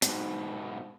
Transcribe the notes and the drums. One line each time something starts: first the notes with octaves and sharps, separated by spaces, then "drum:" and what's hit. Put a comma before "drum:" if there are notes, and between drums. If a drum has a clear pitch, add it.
G#2 B2, drum: hi-hat